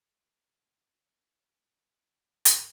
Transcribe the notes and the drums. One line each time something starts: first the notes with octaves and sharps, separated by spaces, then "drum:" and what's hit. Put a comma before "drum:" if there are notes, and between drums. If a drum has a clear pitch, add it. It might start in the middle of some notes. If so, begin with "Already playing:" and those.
D4 F#5
D2 D3 A#3 C4 F4
drum: hi-hat